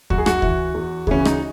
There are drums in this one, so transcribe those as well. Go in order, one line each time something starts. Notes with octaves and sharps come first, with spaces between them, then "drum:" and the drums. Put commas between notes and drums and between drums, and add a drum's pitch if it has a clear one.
F#2 F#4, drum: kick D2
G#4
F#4, drum: rim click
E3, drum: kick D2
E2
C#3 E3 C#4, drum: kick D2
D#4, drum: rim click